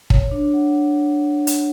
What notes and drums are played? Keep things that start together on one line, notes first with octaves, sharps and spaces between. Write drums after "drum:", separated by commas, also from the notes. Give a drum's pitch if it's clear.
C#5, drum: kick
D4
F#5
drum: hi-hat